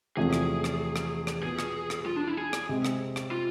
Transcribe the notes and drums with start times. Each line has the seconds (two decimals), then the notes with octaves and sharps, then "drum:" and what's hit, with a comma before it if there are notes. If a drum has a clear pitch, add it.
0.17 E2 C3 F3 A3 G#4
0.33 drum: rim click
0.64 drum: rim click
0.96 drum: rim click
1.27 drum: rim click
1.42 B2 B3 F4 G#4
1.59 drum: rim click
1.90 drum: rim click
2.06 F4
2.16 D4
2.27 E4
2.37 G#4
2.53 drum: rim click
2.69 C3 G#3 C4
2.85 drum: rim click
3.16 drum: rim click
3.31 F4